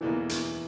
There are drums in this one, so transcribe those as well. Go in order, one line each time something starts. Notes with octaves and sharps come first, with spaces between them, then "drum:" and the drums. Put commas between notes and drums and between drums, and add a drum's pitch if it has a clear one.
E2 B2 E3 A#3 E4
drum: hi-hat